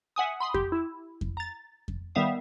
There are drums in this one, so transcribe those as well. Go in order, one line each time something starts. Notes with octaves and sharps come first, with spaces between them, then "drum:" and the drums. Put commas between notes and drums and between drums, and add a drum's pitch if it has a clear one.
E5 F#5 G#5 D#6
B5 C6 D#6
G4, drum: kick F2
E4
drum: kick F2
A#5 A6
drum: kick F2
D#3 G3 B3 E5 F5 D#6